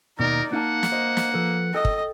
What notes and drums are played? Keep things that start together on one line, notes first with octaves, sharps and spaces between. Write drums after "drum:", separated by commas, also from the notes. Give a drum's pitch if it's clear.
D#2 B2 A#3 D#4 A#4 D5
A#3 D#4 F5 F#5 A5
drum: snare
C5 D#5
drum: snare
F3 A4 B4
A4 D#5 G5
drum: kick